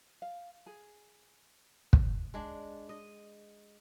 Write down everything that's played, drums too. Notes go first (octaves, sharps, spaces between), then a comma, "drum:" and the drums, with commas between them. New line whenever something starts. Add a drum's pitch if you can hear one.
F5
G#4
drum: kick
G#3 D4
D#5